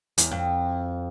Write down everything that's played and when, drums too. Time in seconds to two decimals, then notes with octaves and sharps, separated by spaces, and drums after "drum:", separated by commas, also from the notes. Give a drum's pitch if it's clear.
0.18 E2, drum: hi-hat
0.31 F2